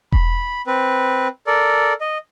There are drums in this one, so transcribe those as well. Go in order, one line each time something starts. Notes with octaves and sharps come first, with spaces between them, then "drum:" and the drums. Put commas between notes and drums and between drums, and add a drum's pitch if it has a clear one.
B5, drum: kick E1
C4 B4
A4 A#4 D5
D#5